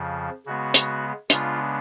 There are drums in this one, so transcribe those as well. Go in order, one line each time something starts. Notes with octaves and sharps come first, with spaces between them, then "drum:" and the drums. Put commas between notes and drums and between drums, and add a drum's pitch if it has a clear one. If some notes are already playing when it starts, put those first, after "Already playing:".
Already playing: F2 C#3 F3
C#3 G#3 B3 F#4
drum: hi-hat
C#3 G#3 B3 D4 F4, drum: hi-hat